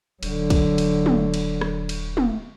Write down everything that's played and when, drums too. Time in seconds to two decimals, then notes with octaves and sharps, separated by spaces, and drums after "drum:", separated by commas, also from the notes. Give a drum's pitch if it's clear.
0.23 D#1 D3 F#3, drum: cymbal
0.50 drum: kick A#1, cymbal
0.78 drum: cymbal
1.06 drum: tom
1.34 drum: cymbal
1.61 drum: rim click
1.89 drum: cymbal
2.17 drum: tom